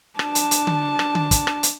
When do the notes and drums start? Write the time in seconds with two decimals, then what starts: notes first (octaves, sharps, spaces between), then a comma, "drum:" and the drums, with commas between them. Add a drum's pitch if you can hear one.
0.19 D4 A5, drum: rim click
0.35 drum: hi-hat
0.51 drum: hi-hat
0.67 drum: tom D3
0.99 drum: rim click
1.15 drum: tom D3
1.31 drum: kick, hi-hat
1.47 drum: rim click
1.63 drum: hi-hat